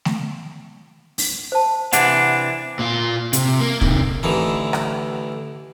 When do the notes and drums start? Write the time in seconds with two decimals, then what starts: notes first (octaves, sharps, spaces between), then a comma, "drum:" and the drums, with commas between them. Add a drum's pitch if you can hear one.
0.05 drum: snare A3
1.18 drum: open hi-hat
1.52 C5 A5
1.93 C3 E3 D4 F#5, drum: hi-hat
2.79 A#2 F4
3.33 C3, drum: hi-hat
3.60 A#3
3.81 C3 D#3, drum: kick
4.23 A1 D3 E3 D#4
4.73 drum: rim click